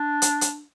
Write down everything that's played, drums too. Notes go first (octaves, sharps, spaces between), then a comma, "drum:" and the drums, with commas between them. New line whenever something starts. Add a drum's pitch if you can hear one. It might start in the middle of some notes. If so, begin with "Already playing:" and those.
Already playing: D4
drum: hi-hat
drum: hi-hat